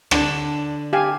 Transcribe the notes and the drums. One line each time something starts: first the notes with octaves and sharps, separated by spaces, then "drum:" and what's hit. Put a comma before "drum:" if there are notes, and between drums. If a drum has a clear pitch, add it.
D3 D4, drum: rim click
G4 F5 G#5